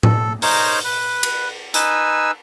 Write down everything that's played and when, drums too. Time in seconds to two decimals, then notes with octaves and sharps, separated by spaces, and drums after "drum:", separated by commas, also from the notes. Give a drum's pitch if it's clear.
0.03 A4, drum: tom A2
0.42 D#4 A#4 C5 C#5, drum: open hi-hat
0.84 B4
1.23 drum: cymbal
1.74 D#4 B4 G#5 E6, drum: hi-hat